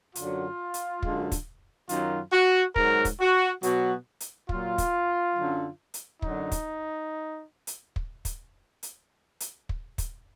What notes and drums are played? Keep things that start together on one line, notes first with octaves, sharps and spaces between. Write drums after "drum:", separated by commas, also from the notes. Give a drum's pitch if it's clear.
F#2 D3 F#3 F4, drum: hi-hat
drum: hi-hat
F#2 D3 G#3, drum: kick
drum: kick, hi-hat
F#2 D#3 F#3 F4, drum: hi-hat
F#4
G#2 F#3 A#4, drum: kick
drum: kick, hi-hat
F#4
B2 F#3 F#4, drum: hi-hat
drum: hi-hat
A#2 F#3 F4, drum: kick
drum: kick, hi-hat
F#2 D3 F#3
drum: hi-hat
F#2 D3 F#3 D#4, drum: kick
drum: kick, hi-hat
drum: hi-hat
drum: kick
drum: kick, hi-hat
drum: hi-hat
drum: hi-hat
drum: kick
drum: kick, hi-hat